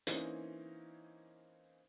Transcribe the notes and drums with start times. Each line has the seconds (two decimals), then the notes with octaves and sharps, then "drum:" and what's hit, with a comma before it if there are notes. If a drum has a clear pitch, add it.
0.07 E3 A#3 C4 C#4 D#4, drum: hi-hat